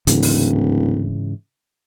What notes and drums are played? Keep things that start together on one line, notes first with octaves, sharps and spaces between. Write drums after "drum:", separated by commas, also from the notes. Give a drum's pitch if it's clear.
D1 G#2 C#3 E3, drum: hi-hat
drum: open hi-hat